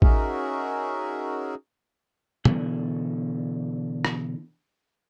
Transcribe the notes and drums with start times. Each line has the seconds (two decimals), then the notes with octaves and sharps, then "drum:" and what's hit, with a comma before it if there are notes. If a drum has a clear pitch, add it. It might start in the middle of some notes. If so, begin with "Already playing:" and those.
0.02 C#4 D#4 F#4 G#4 A#4 E5, drum: kick
2.45 B2 D3 E3, drum: tom
4.05 drum: rim click